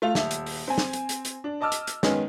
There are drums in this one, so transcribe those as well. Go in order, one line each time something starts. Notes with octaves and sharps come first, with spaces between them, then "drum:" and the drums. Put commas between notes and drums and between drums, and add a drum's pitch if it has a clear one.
A3 F4 F7
D#1 E5, drum: snare
drum: hi-hat
drum: open hi-hat
C4 G#5
drum: snare
drum: hi-hat
drum: hi-hat
drum: hi-hat
D4
D#5 A5 D6 E6 F6
drum: hi-hat
drum: hi-hat
D#3 G#3 B3 C#4, drum: snare